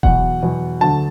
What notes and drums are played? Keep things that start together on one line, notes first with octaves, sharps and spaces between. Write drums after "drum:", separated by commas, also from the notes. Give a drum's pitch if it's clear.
E2 B2 F#3 F#5, drum: kick E1
E2 B2 F#3
D2 D3 F#3 A5